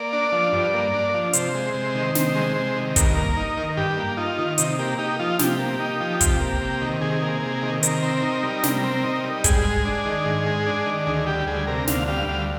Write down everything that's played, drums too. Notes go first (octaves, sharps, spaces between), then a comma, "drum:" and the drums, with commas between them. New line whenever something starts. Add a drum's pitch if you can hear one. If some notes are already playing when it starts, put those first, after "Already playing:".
Already playing: A#3 D5
D4
F3
G2
A#3
D4
F3
C3 C5, drum: hi-hat
G#3
C3
D#3
C3, drum: snare
G#3
C3
D#3
G2 A#4, drum: kick, hi-hat
A#3
D#4
D#3
G2 G4
A#3
D#4 F4
D#3
C3 D#4, drum: hi-hat
A#3 G4
D#4 G4
F3 F4
C3 G4, drum: snare
A#3
D#4
F3
C3, drum: kick, hi-hat
A#3
C3
D#3
C3 G#4
A#3
C3
D#3
C3 A#4, drum: hi-hat
C4
D#4
G3
C3, drum: snare
C4
D#4
G3
G#2 G#4, drum: kick, hi-hat
G#3
D4
D#3
G#2
G#3
D4
D#3
D2 G#4
G3 G4
D2 G#4
C3 A#4
D2 F5, drum: snare
G3 F5
D2 F5